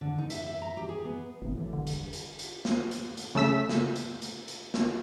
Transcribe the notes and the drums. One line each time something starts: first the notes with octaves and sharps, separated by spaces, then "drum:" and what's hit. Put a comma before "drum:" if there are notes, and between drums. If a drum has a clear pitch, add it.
D3
D#4
E5, drum: hi-hat
E5
A#5
G4
G#4
B3
G#1 B2 D3 E3
E3 F#3 A3
E1 G2 D3
drum: hi-hat
drum: hi-hat
drum: hi-hat
drum: snare
drum: hi-hat
drum: hi-hat
C#3 A3 E6 B6
drum: snare
drum: hi-hat
drum: hi-hat
drum: hi-hat
drum: snare